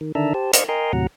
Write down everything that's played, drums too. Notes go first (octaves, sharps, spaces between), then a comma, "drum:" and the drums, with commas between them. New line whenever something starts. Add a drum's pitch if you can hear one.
D#3
D3 D#3 D4 E5 A5 A#5
G4 C5 A5
C5 D5 D#5 F5 C#6, drum: hi-hat
A#4 D#5 G5 G#5 A#5 C6
D#2 A2 C3 F#3 F#5 A#5